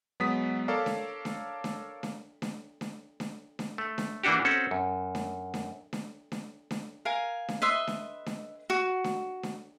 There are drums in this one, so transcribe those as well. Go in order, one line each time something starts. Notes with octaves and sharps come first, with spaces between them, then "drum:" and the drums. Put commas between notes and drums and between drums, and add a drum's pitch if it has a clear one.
F#3 G#3 B3 D#6 B6
A4 A#4 C#5 D5 F5 A5
drum: snare D4
drum: snare D4
drum: snare D4
drum: snare D4
drum: snare D4
drum: snare D4
drum: snare D4
drum: snare D4
A3
drum: snare D4
E3 A#3 D4 F#4 G4
C4 C#4 F#4 A4
F#2
drum: snare D4
drum: snare D4
drum: snare D4
drum: snare D4
drum: snare D4
A#4 F5 G#5
drum: snare D4
B4 D#5 E5 C6
drum: snare D4
drum: snare D4
F#4
drum: snare D4
drum: snare D4